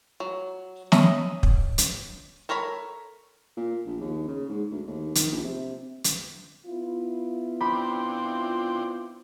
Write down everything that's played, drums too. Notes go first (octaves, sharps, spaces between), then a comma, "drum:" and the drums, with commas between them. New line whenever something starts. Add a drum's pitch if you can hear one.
F#3
C#4 D#5 E5 A#5, drum: snare
drum: kick
drum: hi-hat
A4 A#4 C#5 A#5 B5
A#2
A#1
D#2
C#3
G#2
D2
D#2
D#3, drum: hi-hat
A#1
C3
drum: hi-hat
B3 E4 F4
C4 D4 G5 B5